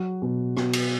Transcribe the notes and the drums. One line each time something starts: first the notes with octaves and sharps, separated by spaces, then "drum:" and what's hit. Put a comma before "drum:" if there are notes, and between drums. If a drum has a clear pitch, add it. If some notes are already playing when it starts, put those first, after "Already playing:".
Already playing: F#3 F#4
B2
B2, drum: rim click
drum: cymbal